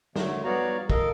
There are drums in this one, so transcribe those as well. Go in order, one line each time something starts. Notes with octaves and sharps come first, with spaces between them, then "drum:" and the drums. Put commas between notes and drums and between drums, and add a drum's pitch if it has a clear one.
D3 F#3 A3, drum: snare
B3 F#4 C#5 D5 F5 A#5
A4 A#4 D#5 F5, drum: kick